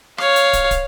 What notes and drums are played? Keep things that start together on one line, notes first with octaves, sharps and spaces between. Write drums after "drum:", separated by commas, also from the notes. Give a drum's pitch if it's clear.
C#5 F5, drum: rim click
drum: hi-hat
drum: kick, hi-hat
drum: kick, hi-hat